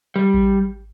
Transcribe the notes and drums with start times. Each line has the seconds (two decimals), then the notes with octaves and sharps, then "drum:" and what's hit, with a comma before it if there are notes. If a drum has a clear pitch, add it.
0.16 G3
0.34 drum: kick A1